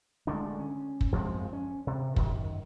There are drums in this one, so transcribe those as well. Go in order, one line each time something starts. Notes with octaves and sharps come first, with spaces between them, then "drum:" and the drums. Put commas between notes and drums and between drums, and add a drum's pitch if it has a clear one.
D3 G#3 A3 D4
C#4
drum: kick
F#2 F3 G#3 C4
C#4
C3
F#2 D#3, drum: kick